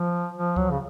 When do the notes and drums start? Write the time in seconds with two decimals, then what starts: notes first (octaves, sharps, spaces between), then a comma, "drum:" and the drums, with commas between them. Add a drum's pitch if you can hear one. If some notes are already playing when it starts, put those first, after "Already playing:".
Already playing: F3
0.34 F3
0.56 F#3, drum: kick C#2
0.71 C#3